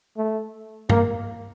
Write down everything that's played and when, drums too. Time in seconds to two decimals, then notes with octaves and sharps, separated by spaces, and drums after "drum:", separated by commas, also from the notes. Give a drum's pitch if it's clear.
0.17 A3
0.89 A#3, drum: tom G2